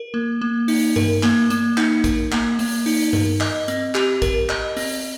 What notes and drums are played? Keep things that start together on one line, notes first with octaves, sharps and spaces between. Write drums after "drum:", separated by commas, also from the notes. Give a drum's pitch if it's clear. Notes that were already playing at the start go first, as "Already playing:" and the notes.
Already playing: A#4
A#3
A#3
D#4, drum: open hi-hat
A#4, drum: tom G2
A#3, drum: clap
A#3, drum: hi-hat
D#4, drum: clap
A#4, drum: kick, hi-hat
A#3, drum: clap
A#3, drum: open hi-hat
D#4, drum: open hi-hat
A#4, drum: tom G2
D#5, drum: clap
C4, drum: hi-hat
G4, drum: clap
A#4, drum: kick, hi-hat
D#5, drum: clap
C4, drum: open hi-hat